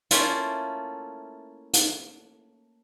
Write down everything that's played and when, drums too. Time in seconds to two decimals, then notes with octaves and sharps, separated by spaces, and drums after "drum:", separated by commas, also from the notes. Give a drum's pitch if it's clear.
0.11 A3 A#3 C#4 E4 F4 A4, drum: hi-hat
1.73 drum: hi-hat